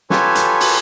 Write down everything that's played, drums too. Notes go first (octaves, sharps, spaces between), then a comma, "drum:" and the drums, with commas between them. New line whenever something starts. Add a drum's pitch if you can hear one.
F4 G4 A4 B4 C#5 G#5, drum: snare
drum: hi-hat
drum: open hi-hat